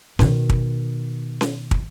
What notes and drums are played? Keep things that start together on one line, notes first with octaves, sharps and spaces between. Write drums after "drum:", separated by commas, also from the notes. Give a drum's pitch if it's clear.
B2 D#3, drum: snare C#4
drum: kick
drum: snare C#4
drum: kick